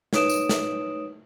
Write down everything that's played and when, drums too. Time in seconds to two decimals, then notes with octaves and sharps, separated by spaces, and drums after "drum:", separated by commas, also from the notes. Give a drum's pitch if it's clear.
0.13 D#4 B4 C#5 D#6 D7 E7, drum: snare
0.29 drum: tambourine
0.49 drum: snare